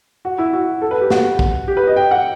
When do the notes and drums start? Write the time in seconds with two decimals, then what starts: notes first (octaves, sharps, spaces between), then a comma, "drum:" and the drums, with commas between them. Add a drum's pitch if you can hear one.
0.25 F#4
0.38 E4
0.53 F#4
0.82 A4
0.91 B4
1.01 G4
1.10 F#4, drum: snare
1.39 drum: kick
1.68 G4
1.77 B4
1.87 D#5
1.96 G5
2.11 F#5